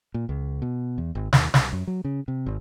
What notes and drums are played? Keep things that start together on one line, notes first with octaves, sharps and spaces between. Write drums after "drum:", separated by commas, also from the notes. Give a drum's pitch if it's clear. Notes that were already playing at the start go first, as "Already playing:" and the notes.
A#2
C#2
B2
E2
G#1
D#2, drum: snare
C2, drum: snare
F#2
F#3
C#3
C3
G#1